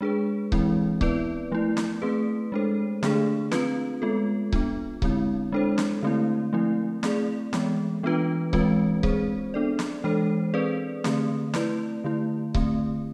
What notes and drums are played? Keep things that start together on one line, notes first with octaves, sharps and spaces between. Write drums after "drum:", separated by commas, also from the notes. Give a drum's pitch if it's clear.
G#3 D4 G#4 B4
E3 G#3 C4 E4, drum: kick C#1
B3 E4 B4 D5, drum: kick C#1
F3 A3 E4
drum: snare
A3 C4 G#4 B4
G#3 D4 A4 C5
D3 A3 D4 G#4, drum: snare
C4 F4 B4, drum: snare
G#3 B3 F4 A4
B3 D4 F4, drum: kick C#1
D3 G#3 C4 E4, drum: kick C#1
G#3 D4 A4 C5
drum: snare
D3 A3 C4 E4
F3 A3 C4 E4
A3 C4 G#4 D5, drum: snare
E3 G#3 B3, drum: snare
E3 B3 D4 F4 B4
E3 G#3 C4 F4 B4, drum: kick C#1
G#3 C4 G#4 C5, drum: kick C#1
B3 D4 A4 D5
drum: snare
E3 G#3 D4 A4 C5
C4 G#4 B4 D5
D3 A3 C4, drum: snare
A3 E4 B4 D5, drum: snare
D3 A3 E4
D3 A3 C4, drum: kick C#1